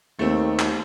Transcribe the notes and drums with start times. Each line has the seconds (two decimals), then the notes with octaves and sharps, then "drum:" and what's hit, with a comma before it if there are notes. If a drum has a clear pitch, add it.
0.19 D#2 A3 C4
0.59 drum: clap